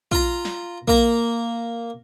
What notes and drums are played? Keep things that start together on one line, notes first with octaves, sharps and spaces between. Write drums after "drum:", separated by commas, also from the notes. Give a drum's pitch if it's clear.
F4 A#5, drum: kick
drum: snare
A#3 A#5, drum: kick